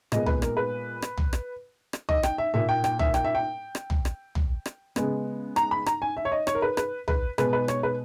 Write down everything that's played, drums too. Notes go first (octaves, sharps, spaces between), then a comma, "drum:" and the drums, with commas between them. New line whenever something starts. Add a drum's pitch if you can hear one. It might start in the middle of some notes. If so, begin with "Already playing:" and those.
A#2 G#3 B3 D#5, drum: rim click
B4, drum: tom
A#4, drum: rim click
B4
drum: rim click
drum: tom
drum: rim click
drum: rim click
D#5, drum: tom
G5, drum: rim click
E5
A#2 A#3 E5
G5
G5, drum: rim click
E5, drum: tom
G5, drum: rim click
E5
G5
drum: rim click
drum: tom
drum: rim click
drum: tom
drum: rim click
C#3 G#3 B3, drum: rim click
A#5, drum: rim click
B5
A#5, drum: rim click
G#5
E5
C#5
D#5
C#5, drum: rim click
A#4
B4
B4, drum: rim click
B4, drum: tom
B2 G#3 B3 B4, drum: rim click
B4
C#5, drum: rim click
B4